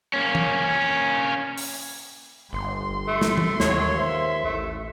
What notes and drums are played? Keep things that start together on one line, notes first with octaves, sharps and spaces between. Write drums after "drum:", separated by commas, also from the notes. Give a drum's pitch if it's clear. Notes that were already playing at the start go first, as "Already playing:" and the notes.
A#3 C#4
drum: tom E3
drum: open hi-hat
G1 C6
A3
drum: snare
drum: tom E3
D#2 C3 F#3 C#5, drum: snare
F3 E5
A1 A3